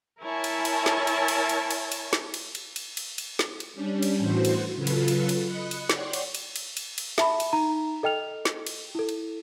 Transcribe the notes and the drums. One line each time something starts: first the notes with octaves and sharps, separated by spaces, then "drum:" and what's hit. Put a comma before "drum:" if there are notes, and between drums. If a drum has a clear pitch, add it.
E4 A#4 C#5 G#5 A5
drum: cymbal
drum: cymbal
drum: snare
drum: cymbal
drum: cymbal
drum: cymbal
drum: cymbal
drum: cymbal
drum: snare
drum: cymbal
drum: cymbal
drum: cymbal
drum: cymbal
drum: cymbal
drum: snare
drum: cymbal
G3 C#4 D4
drum: cymbal
A2 E3 F#4 C5
drum: cymbal
C#3 F#3 F4 A4 B4
drum: cymbal
drum: cymbal
drum: cymbal
D#5 B5 F#6 C#7
drum: cymbal
C#5 D5 F#5 G5 C6, drum: snare
drum: cymbal
drum: cymbal
drum: cymbal
drum: cymbal
drum: cymbal
E5 A5 B5, drum: snare
drum: cymbal
D#4 A#5
A4 D#5 G5 F6 F7
drum: snare
drum: cymbal
E4 A4
drum: cymbal